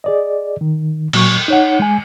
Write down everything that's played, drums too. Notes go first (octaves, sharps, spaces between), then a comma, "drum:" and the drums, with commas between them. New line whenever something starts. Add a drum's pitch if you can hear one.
G#4 D5 D#5
D#3
A#2 F#3 C#6, drum: cymbal
D#4 C#5 F#5
G#3 G#5